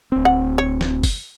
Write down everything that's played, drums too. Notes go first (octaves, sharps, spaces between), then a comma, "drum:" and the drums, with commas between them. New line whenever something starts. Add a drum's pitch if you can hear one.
D1 C4
F#5
C#5
drum: snare
drum: kick, open hi-hat